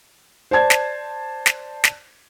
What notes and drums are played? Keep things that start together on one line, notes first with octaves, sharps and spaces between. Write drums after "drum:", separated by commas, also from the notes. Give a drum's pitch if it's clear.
C5 D5 A5 G#6
drum: snare
drum: snare
drum: snare